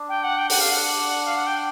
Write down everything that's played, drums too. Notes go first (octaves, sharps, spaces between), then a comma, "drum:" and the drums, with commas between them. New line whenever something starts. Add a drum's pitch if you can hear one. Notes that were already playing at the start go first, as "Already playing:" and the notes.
Already playing: D4
G5
F#5
G5
F#5, drum: open hi-hat
F5
F#5
F5
F#5
G5